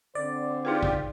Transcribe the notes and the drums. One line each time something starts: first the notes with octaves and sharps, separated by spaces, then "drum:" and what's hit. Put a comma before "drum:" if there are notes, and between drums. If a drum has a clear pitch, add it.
D3 C4 C5 D5
D#4 F4 G4 G#4 B4
drum: kick